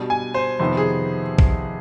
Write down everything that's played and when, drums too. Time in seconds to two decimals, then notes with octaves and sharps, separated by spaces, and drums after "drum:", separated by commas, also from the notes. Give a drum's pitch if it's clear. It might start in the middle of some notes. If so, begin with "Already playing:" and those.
Already playing: B2 G3 D4
0.10 G#5
0.34 C5
0.60 F2 C3 D#3 B3 C5
0.77 G#4
1.39 drum: kick